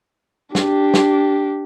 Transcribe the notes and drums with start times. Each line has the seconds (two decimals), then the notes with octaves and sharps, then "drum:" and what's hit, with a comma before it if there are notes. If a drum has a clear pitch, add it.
0.55 D4 G4, drum: snare
0.94 drum: snare